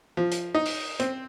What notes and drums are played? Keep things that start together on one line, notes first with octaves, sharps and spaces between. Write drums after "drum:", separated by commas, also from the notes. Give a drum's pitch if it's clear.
F3
drum: hi-hat
D#4
drum: open hi-hat
C4, drum: hi-hat